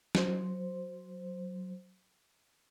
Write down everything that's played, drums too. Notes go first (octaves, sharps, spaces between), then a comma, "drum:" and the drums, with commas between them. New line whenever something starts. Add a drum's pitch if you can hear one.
F#3 C5, drum: snare